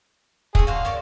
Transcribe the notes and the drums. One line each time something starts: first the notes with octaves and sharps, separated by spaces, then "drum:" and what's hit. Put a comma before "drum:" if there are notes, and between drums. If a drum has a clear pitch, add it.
A3 C4 G#4, drum: kick
D3 F#4 C5 F5
A#3 C#5 D5